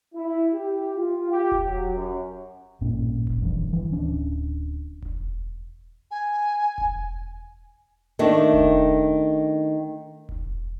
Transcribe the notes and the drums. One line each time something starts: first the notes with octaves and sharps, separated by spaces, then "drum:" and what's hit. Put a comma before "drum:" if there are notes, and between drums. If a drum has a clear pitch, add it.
E4
G4
F4
G4
drum: kick E1
F#3
F#2
A1 G2 A#2 C#4
drum: kick E1
G2 E3
E3
D1 C#4 D4
drum: kick E1
G#5
drum: kick E1
D#3 A3 D4
drum: kick E1
drum: kick E1